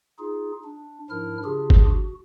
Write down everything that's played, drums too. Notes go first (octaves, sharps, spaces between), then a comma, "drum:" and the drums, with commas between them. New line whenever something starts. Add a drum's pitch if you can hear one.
D#4 F4 G#4
D4
G#2 F3 D4 E4 A#4 F6
C#3 D4 F4 G4 G#4
drum: kick
F#4